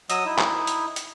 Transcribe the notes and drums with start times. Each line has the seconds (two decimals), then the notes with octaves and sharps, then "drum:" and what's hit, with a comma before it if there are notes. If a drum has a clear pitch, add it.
0.10 F#3 D#5 D#6 E6, drum: hi-hat
0.25 D#4 E4
0.38 drum: clap
0.67 drum: hi-hat
0.96 drum: hi-hat